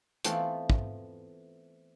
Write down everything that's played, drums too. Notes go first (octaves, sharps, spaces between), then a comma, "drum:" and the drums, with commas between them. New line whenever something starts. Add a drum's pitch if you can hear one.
E3 A3 B3 C4 F4, drum: hi-hat
drum: kick